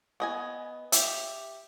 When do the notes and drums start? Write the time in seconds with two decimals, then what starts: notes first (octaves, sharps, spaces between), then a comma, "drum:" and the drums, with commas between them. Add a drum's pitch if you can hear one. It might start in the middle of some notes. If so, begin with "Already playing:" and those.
0.20 B3 D#5 G#5
0.92 G4 E5, drum: hi-hat